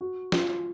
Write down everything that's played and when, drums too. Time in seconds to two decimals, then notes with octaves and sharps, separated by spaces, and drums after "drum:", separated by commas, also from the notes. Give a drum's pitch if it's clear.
0.01 F#4
0.32 F4, drum: snare